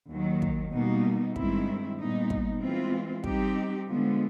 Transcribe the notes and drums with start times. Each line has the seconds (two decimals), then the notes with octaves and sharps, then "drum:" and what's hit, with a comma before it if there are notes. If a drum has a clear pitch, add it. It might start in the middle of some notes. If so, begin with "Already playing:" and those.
0.11 D#2 D#3 F#3
0.42 drum: kick
0.73 B2 G3 A#3 D#4
1.36 G2 D#3 G#3 C4 E4, drum: kick
1.98 A#2 G3 B3 D#4
2.30 drum: kick
2.61 E3 G#3 C4 F4
3.24 G3 C4 D#4 G4, drum: kick
3.87 D3 F3 G#3 B3